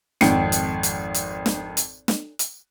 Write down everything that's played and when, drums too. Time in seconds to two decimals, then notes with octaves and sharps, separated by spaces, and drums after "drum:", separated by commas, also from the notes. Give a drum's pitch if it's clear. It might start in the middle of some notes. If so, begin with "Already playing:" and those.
0.21 G#1 F2 G5 C#7, drum: snare
0.52 drum: hi-hat
0.83 drum: hi-hat
1.14 drum: hi-hat
1.46 drum: snare
1.77 drum: hi-hat
2.08 drum: snare
2.39 drum: hi-hat